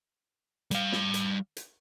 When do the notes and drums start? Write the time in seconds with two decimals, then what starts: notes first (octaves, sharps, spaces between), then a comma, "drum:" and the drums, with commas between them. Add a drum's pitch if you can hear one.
0.71 G3 F5, drum: hi-hat
0.92 drum: snare
1.14 drum: hi-hat
1.57 drum: hi-hat